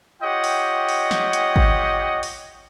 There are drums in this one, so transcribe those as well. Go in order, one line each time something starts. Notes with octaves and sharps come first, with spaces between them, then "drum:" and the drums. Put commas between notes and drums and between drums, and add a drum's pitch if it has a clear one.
F4 G4 C#5 D#5 F#5 G5
drum: open hi-hat
drum: open hi-hat
drum: snare
drum: hi-hat
drum: kick G#1
drum: open hi-hat